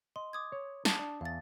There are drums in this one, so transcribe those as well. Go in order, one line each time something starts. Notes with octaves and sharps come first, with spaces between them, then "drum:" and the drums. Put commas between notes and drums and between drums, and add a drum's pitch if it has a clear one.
D#5 C6
D6 D#6 G#6
C#5
A5 D6 D#6, drum: snare
D4
E2 F5 A6